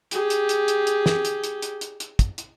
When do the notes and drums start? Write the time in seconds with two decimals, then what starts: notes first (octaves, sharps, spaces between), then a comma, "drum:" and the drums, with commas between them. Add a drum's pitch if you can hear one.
0.11 G4 G#4, drum: hi-hat
0.30 drum: hi-hat
0.49 drum: hi-hat
0.68 drum: hi-hat
0.87 drum: hi-hat
1.06 drum: snare
1.25 drum: hi-hat
1.44 drum: hi-hat
1.62 drum: hi-hat
1.81 drum: hi-hat
2.00 drum: hi-hat
2.19 drum: kick, hi-hat
2.38 drum: hi-hat